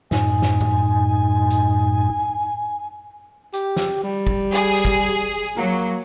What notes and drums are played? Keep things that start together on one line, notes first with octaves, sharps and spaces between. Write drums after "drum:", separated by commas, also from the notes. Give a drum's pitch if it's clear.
F#2 A2 D#4 G#5, drum: snare
drum: snare
drum: tom F2
drum: hi-hat
G4, drum: hi-hat
drum: snare
G3
drum: kick
G#4
drum: open hi-hat
drum: kick
F#3 A#3